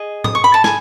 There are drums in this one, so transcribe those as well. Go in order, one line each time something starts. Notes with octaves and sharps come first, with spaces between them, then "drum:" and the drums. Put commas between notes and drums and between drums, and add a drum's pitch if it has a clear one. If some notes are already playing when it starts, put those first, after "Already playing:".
Already playing: G#4 D#5
D#6, drum: tom G#2
C#6
B5
A5
G#5, drum: snare